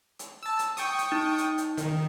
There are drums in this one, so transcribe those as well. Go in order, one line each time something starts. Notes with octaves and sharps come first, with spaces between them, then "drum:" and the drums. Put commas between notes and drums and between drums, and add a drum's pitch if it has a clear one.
drum: hi-hat
A5 E6
drum: hi-hat
G5 C#6 D#6, drum: hi-hat
drum: hi-hat
D#4
drum: hi-hat
drum: hi-hat
D#3, drum: hi-hat